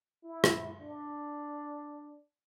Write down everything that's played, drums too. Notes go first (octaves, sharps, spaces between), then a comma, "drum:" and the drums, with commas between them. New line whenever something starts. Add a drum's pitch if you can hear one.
E4
drum: rim click
D4